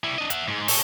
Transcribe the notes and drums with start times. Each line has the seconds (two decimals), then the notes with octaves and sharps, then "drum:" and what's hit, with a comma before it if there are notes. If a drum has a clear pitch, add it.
0.04 G3 E4
0.18 D4 D#5
0.30 E5 F#5, drum: hi-hat
0.48 G#2 G#3
0.68 A4 C#5, drum: open hi-hat